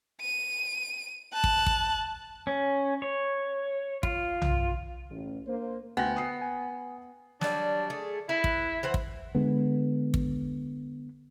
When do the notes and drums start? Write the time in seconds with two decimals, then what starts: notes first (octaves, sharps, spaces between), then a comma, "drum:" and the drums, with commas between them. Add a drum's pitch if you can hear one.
0.21 D#7
1.34 A5 F#6
1.44 drum: kick
1.66 drum: kick
2.47 C#4
3.02 C#5
4.03 F4, drum: kick
4.42 drum: tom
5.10 A1
5.47 A#3 D4 C5
5.97 D2 B3 G5 G#5 A#6
6.16 D#6 C7
6.41 G#5
7.41 F#3 G3 D4, drum: snare
7.90 A3 G#4
8.29 E4 B4
8.44 drum: kick
8.83 E3 C5 F#5
8.94 drum: kick
9.35 D3 G#3 B3
10.14 drum: kick